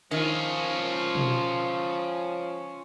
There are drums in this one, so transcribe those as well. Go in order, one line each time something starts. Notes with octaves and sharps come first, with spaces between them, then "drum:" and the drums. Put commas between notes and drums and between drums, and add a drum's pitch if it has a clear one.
D#3 F3 C#4 F4
drum: tom B2